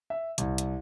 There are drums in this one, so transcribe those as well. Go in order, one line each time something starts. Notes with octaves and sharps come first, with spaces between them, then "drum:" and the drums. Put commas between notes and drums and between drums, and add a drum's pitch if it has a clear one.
E5
C2, drum: hi-hat
drum: hi-hat